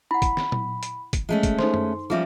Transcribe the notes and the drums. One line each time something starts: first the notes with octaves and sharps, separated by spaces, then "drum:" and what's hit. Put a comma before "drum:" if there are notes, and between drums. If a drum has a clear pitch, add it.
E4 F#5 B5
drum: kick, hi-hat
drum: snare
drum: tom
drum: hi-hat
drum: kick, hi-hat
G#3 A3 C#4
drum: kick, hi-hat
D#4 A4 C5 C6, drum: snare
drum: tom F#2
F3 G3 C#4 G#4 E5 D6